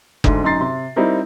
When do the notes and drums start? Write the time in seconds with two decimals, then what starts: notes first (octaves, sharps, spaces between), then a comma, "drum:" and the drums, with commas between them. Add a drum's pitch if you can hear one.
0.24 D2 G#2 D3, drum: kick F#1
0.44 F#2 D#4 A#5 C6 A6 C7
0.60 C3 C6
0.96 G3 C4 D#4 E4 A#4